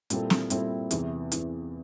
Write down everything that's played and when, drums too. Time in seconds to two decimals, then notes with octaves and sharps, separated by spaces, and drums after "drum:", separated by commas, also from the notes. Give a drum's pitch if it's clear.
0.10 A#2 G3 C4 E4 A4, drum: hi-hat
0.30 drum: snare
0.50 A#2 G3 C4 E4 A4, drum: hi-hat
0.91 E2 C3 E3, drum: hi-hat
1.32 E2 C3 E3, drum: hi-hat